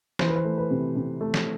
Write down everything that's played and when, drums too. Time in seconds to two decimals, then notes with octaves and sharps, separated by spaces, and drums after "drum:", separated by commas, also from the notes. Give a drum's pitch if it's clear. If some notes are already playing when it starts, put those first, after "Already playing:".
0.19 E3 C5, drum: snare
0.28 B4
0.36 C5
0.45 A3
0.58 B4
0.71 C3
0.96 C3
1.21 A3
1.34 drum: snare